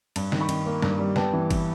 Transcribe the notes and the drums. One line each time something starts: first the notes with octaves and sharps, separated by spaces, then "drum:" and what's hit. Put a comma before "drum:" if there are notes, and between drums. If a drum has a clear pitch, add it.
G2, drum: cymbal
D#3, drum: snare
B5 C#6
D#3, drum: cymbal
A#3
G2, drum: snare
G3
B3 G5 A5, drum: snare
E3
E3, drum: kick, cymbal